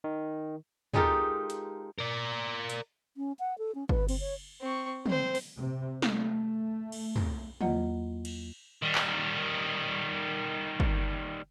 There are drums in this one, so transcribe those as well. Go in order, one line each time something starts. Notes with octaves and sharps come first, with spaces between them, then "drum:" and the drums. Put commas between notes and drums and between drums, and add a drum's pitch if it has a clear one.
D#3
G#3 D#4 F4 G4 A4 A#4, drum: tom
drum: hi-hat
A#4 D5
drum: hi-hat
C#4
F#5
A4
C#4
B4, drum: kick
C4, drum: cymbal
C#5
C4 C#6
C4 C5, drum: tom
drum: open hi-hat
C3
A3, drum: snare
drum: cymbal
drum: tom
E2 F#3 A#3 F4 D#5 F#5, drum: tom
drum: cymbal
D#3 G3
drum: clap
drum: kick